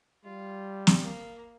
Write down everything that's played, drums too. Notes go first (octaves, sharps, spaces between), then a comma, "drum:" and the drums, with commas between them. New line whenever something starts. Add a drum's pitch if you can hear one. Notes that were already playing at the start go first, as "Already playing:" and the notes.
G3 F4
drum: snare
A#3